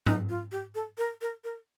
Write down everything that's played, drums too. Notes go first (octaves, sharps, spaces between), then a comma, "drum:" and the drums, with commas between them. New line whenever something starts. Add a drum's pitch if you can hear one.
D#4, drum: tom G#2
F4
G4
A4
A#4
A#4
A#4